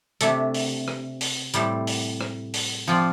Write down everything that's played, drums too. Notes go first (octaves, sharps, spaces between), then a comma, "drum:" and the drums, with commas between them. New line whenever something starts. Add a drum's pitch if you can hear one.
C3 A3 D4 A4, drum: hi-hat
drum: open hi-hat
drum: rim click
drum: open hi-hat
A2 G3 C4 A4, drum: hi-hat
drum: open hi-hat
drum: rim click
drum: open hi-hat
F3 C4 F4 D5